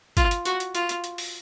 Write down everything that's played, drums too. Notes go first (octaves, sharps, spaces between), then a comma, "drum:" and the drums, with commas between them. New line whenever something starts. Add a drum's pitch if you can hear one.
F4, drum: kick, hi-hat
drum: hi-hat
F#4, drum: hi-hat
drum: hi-hat
F4, drum: hi-hat
drum: hi-hat
drum: hi-hat
drum: open hi-hat